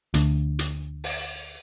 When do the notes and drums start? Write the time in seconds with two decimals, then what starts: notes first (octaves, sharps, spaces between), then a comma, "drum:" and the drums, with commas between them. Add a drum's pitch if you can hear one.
0.14 D2 D3, drum: hi-hat
0.59 drum: hi-hat
1.04 drum: open hi-hat